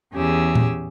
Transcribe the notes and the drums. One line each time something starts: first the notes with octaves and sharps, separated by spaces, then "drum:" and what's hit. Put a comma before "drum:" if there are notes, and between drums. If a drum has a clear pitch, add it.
E2 C#4 G4 G#4 E6
drum: tom A#2